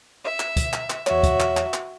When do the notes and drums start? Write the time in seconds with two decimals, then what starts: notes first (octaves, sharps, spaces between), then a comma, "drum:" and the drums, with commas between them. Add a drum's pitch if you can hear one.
0.23 E5
0.40 drum: clap
0.57 drum: kick, hi-hat
0.73 drum: clap
0.90 drum: clap
1.07 E2 F#4 C#5 E5, drum: clap
1.23 drum: kick, hi-hat
1.40 drum: clap
1.57 drum: clap
1.74 drum: clap